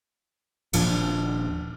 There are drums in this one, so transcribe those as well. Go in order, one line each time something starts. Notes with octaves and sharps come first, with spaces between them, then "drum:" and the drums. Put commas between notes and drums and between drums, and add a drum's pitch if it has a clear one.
D#1 A#2 F3 D4, drum: cymbal